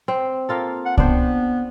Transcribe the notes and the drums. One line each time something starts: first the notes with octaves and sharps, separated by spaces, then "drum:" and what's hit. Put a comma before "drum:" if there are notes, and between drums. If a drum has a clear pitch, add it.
C4
A#3 F4 A4
F#5
B3 D4 C5 G5, drum: kick C2